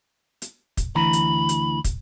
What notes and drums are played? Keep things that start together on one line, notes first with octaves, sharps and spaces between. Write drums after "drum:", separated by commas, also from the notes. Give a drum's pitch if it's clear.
drum: hi-hat
drum: kick, hi-hat
D2 E3 A#5 B5
drum: hi-hat
drum: hi-hat
drum: kick, hi-hat